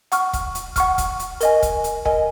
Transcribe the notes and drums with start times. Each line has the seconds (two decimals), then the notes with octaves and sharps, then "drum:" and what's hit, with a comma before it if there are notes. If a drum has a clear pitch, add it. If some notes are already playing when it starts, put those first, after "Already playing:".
0.12 F#5 C#6 F6, drum: hi-hat
0.33 drum: kick, hi-hat
0.55 drum: hi-hat
0.76 F#5 C#6 F6, drum: kick, hi-hat
0.98 drum: kick, hi-hat
1.19 drum: hi-hat
1.41 A#4 D#5 G#5, drum: hi-hat
1.62 drum: kick, hi-hat
1.84 drum: hi-hat
2.05 A#4 D#5 G#5, drum: kick